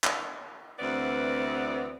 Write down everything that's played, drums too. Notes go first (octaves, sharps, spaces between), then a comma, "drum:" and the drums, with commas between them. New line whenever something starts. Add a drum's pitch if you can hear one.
drum: clap
D2 E3 B3 C4 D5